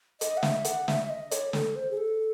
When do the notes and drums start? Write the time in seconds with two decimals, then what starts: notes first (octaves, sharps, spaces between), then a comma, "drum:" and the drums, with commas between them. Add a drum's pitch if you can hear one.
0.21 D#5, drum: hi-hat
0.37 F#5
0.43 E5, drum: snare
0.65 F#5, drum: hi-hat
0.88 E5, drum: snare
1.03 E5
1.10 D#5
1.31 C#5, drum: hi-hat
1.53 A4, drum: snare
1.76 C5
1.91 G#4
1.97 A4